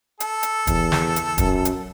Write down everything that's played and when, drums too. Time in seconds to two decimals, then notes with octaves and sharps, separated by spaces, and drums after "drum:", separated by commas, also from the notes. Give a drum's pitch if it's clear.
0.20 A4, drum: hi-hat
0.43 drum: hi-hat
0.67 E2, drum: kick, hi-hat
0.92 drum: snare
1.16 drum: hi-hat
1.38 F#2, drum: kick, hi-hat
1.65 drum: hi-hat